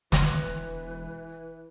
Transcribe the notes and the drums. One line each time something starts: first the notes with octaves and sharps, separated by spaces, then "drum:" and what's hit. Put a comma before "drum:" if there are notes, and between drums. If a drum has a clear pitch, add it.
E1 E3 B4, drum: snare